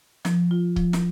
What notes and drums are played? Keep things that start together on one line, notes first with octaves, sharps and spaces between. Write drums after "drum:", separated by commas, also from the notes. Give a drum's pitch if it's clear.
F3, drum: snare
F4
F3, drum: kick C#1
drum: snare